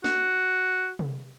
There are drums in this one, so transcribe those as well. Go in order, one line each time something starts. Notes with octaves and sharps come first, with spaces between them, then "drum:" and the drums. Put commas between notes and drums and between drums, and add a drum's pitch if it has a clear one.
F#4, drum: snare
drum: tom C3